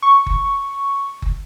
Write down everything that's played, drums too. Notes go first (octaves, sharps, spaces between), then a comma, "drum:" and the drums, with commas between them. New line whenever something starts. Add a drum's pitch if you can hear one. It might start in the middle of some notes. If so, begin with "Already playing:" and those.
C#6
drum: kick F#1
drum: kick F#1